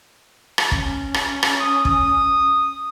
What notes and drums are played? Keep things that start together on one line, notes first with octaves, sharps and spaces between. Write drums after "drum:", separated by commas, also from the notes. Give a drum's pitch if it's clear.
drum: rim click
C#4, drum: kick
drum: rim click
drum: rim click
D#6
D#6, drum: kick